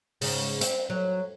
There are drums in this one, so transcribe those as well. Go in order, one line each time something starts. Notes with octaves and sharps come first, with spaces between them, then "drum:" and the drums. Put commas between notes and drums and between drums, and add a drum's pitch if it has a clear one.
G#2 C#3, drum: open hi-hat
C4, drum: hi-hat
F#3